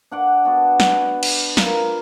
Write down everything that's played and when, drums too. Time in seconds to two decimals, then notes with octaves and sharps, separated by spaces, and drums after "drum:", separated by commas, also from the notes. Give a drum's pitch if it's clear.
0.11 D4 F#5 D6
0.45 B3 F#4 A5
0.80 drum: snare
1.23 drum: cymbal
1.57 F4 A#4 B4, drum: snare